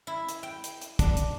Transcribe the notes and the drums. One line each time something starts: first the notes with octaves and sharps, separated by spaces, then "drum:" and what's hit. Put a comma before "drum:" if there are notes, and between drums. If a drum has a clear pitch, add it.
E4
drum: hi-hat
G5
drum: hi-hat
drum: hi-hat
D4, drum: kick, hi-hat
drum: hi-hat